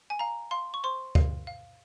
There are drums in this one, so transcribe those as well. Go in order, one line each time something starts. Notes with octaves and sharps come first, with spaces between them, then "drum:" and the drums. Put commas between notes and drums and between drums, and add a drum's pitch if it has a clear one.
G#5
F5 A#5
F5 C6
C#6
C5 C6
F5, drum: kick D2
F5